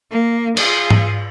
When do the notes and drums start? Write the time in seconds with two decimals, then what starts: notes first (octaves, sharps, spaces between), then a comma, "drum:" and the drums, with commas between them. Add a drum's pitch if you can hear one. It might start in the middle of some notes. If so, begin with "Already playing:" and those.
0.11 A#3
0.57 F4 G#4, drum: cymbal
0.90 drum: tom G#2